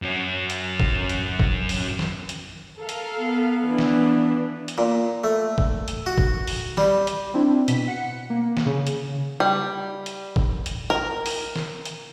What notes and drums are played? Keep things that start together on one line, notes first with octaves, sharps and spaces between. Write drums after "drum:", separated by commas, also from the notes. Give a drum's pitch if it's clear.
F#2 C#4
drum: hi-hat
drum: kick
drum: hi-hat
drum: kick
drum: open hi-hat
drum: snare
drum: hi-hat
A4 A#4 F5
drum: hi-hat
B3
E3 D4
drum: snare
drum: hi-hat
A#2
A3
drum: kick
drum: hi-hat
F#4
drum: kick
drum: open hi-hat
G3, drum: snare
drum: hi-hat
C4 D4 E4
B2 B6, drum: hi-hat
F#5 C#7
A#3
drum: snare
C#3
drum: hi-hat
G3
drum: hi-hat
drum: kick
drum: hi-hat
A#4
drum: open hi-hat
drum: snare
drum: hi-hat